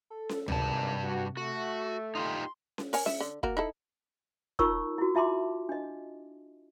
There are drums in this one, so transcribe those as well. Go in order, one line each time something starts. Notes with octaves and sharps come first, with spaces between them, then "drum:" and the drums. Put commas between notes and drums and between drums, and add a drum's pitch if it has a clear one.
A4
drum: snare C#4
G#1 G2 C3 A5, drum: tom C#2
F#4
A3 F#4
D#4 F4 G4 C6
drum: snare C#4
A#4 C#5 G#5, drum: open hi-hat
E5, drum: snare C#4
D3
A#3 F#4 A#4, drum: kick
D#4 E4 A4
D#4 F4 A#4 C#5 C#6 E6, drum: kick
E4 F#4
F4 E5 A5 C6 D6
D4 D#5